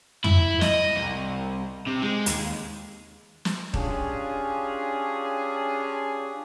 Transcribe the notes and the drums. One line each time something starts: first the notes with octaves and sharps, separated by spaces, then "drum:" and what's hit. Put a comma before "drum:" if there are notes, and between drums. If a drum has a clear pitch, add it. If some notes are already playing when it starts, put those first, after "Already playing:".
E4, drum: tom
D#5, drum: snare
C2
C3
G#3
D#2, drum: hi-hat
drum: snare
C#4 D4 F4 G4 G#4, drum: kick D#1